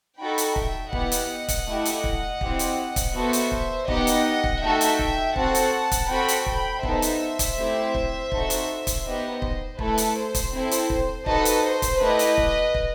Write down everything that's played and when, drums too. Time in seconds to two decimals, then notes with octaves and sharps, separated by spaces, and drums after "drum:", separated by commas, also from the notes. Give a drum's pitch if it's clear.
0.19 D#4 F#4 A4 G5 B5
0.38 drum: hi-hat
0.56 E5 G5, drum: kick
0.93 B3 E4 G4 D#5 F#5, drum: kick
1.12 drum: hi-hat
1.48 drum: kick, hi-hat
1.67 A3 E4 G4
1.85 drum: hi-hat
2.04 drum: kick
2.41 C4 E4 G4, drum: kick
2.59 drum: hi-hat
2.96 drum: kick, hi-hat
3.15 B3 F#4 A4 C5 E5
3.33 drum: hi-hat
3.52 drum: kick
3.88 B3 D#4 G4 D#5 F#5, drum: kick
4.07 drum: hi-hat
4.44 drum: kick
4.62 A3 D#4 F#4 A4 E5 G5
4.81 drum: hi-hat
4.99 drum: kick
5.36 C4 F#4 A4 F#5 A5, drum: kick
5.55 drum: hi-hat
5.92 drum: kick, hi-hat
6.09 C4 F#4 A4 G5 B5
6.28 drum: hi-hat
6.46 G5 B5, drum: kick
6.83 B3 D#4 A4 C5 E5, drum: kick
7.02 drum: hi-hat
7.39 drum: kick, hi-hat
7.57 A3 C4 E4 G4
7.95 drum: kick
8.32 C4 D#4 F#4 A4, drum: kick
8.50 drum: hi-hat
8.87 drum: kick, hi-hat
9.05 B3 D#4 G4 B4 D#5
9.42 C5, drum: kick
9.79 A3 E4 A4 B4, drum: kick
9.98 drum: hi-hat
10.16 C5
10.35 drum: kick, hi-hat
10.53 C4 E4 A4
10.71 drum: hi-hat
10.90 drum: kick
11.26 D#4 F#4 A4 B4 D#5, drum: kick
11.45 drum: hi-hat
11.64 C5
11.82 drum: kick, hi-hat
12.00 A3 E4 G4 B4 D#5
12.19 drum: hi-hat
12.38 drum: kick
12.74 drum: kick